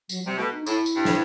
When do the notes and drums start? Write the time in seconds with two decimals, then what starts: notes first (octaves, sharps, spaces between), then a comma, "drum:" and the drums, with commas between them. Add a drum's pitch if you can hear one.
0.09 F#3, drum: tambourine
0.23 C3 G3
0.38 B2 A3
0.52 D#4
0.66 A2 E4, drum: tambourine
0.86 drum: tambourine
0.96 G2
1.05 drum: snare